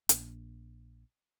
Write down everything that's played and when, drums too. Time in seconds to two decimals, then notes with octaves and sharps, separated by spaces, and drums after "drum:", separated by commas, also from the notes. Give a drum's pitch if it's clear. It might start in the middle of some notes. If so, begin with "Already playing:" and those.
0.09 A#1, drum: hi-hat